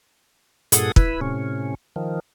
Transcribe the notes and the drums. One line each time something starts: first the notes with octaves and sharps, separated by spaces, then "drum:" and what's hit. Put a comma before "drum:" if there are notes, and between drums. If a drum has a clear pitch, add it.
G2 A#2 G#4 A4 F#5 D#6, drum: hi-hat
E4 B4, drum: kick
A2 C3 C#4
D#3 F3